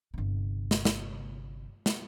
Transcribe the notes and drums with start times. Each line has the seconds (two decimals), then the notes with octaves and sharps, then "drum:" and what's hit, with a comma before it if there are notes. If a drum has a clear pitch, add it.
0.14 G1 C3
0.71 drum: snare
0.85 drum: snare
1.86 drum: snare